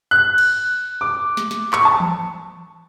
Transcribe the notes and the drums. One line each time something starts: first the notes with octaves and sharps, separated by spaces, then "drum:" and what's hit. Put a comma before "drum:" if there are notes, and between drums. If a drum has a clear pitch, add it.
F#6
drum: cymbal
D6
drum: snare
drum: snare
C#6, drum: clap
A5
drum: tom E3